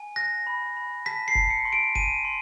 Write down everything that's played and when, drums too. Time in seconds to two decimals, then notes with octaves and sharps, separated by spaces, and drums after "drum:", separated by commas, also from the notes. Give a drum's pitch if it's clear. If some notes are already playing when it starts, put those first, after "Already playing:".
Already playing: G#5
0.16 F#6 A#6
0.47 B5
0.77 B5
1.06 A5 B6
1.28 C7
1.35 A5, drum: kick F1
1.50 C#7
1.65 C6
1.73 D7
1.95 G#5 D#7, drum: kick F1
2.25 C6